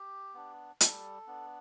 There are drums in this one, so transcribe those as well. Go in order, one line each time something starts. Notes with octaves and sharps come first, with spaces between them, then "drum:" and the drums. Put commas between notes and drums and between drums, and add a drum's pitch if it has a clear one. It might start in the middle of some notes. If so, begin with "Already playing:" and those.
Already playing: G4
B3 D4
G3 A4, drum: hi-hat
B3 D4